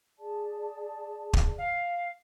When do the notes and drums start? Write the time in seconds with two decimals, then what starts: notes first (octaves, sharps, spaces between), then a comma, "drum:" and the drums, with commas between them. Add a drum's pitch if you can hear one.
0.18 G#4 D5 A5
1.33 drum: kick
1.58 F5